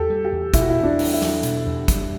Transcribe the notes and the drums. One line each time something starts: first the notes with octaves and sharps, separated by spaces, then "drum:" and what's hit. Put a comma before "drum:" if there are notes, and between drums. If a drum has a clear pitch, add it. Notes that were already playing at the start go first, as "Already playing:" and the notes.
Already playing: E2 G4 A4
G3
G4
E2
B2 E4, drum: kick, hi-hat
F#4
E4
E2
D4
G3, drum: open hi-hat
E4
E2, drum: snare
B2, drum: hi-hat
E2
G3, drum: kick, hi-hat